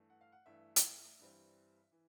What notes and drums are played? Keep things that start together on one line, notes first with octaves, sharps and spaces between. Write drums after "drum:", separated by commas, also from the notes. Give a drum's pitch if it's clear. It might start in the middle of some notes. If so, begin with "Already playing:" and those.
Already playing: G2 E3 A3
F#5
F5
F#5
G2 E3 A3 E5
drum: hi-hat
G2 E3 G3 C4
E3